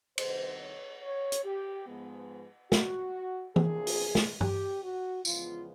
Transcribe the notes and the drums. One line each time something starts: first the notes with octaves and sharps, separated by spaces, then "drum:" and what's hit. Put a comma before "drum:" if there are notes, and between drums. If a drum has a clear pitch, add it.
C2 C3 D#3 C5, drum: cymbal
C#5
C#5
drum: hi-hat
G4
G#2 F3 G#3 B3
F#4, drum: snare
E2 C3 F3 A#3 D4 G#4, drum: tom
drum: open hi-hat
drum: snare
G4, drum: tom G2
F#4
E2 C#3 F3 G#3 B3 F4, drum: tambourine